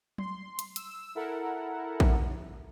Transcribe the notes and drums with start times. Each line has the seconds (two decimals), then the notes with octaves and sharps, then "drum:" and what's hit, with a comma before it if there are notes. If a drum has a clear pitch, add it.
0.18 C6, drum: tom F#3
0.59 drum: hi-hat
0.76 E6, drum: hi-hat
1.15 E4 A4 A#4 F#5
2.00 drum: kick A#1